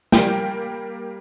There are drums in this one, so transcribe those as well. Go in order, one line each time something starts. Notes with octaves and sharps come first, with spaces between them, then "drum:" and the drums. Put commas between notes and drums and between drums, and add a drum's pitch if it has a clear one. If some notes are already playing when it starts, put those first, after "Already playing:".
G3 A#3 G5, drum: snare